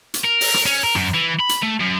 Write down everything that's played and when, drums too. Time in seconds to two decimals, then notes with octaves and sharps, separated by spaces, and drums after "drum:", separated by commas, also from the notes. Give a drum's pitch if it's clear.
0.14 drum: hi-hat
0.25 A#4
0.41 drum: open hi-hat
0.54 drum: rim click
0.66 C#4
0.83 A#4
0.95 F#2, drum: rim click
1.14 E3
1.39 B5
1.49 drum: hi-hat
1.62 A3
1.80 F#2